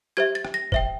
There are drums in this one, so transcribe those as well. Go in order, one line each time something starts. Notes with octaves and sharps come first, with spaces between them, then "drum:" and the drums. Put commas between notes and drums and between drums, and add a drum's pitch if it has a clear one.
G4 C5 E5 G#6
A6
drum: rim click
A#6
C5 E5 G5, drum: kick